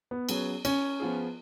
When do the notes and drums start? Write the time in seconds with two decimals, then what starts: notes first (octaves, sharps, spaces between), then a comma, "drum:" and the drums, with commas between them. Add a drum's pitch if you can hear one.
0.11 B3
0.29 F#3 C#4 G#4, drum: cymbal
0.65 C#4, drum: cymbal
1.00 F3 B3 F4 G#4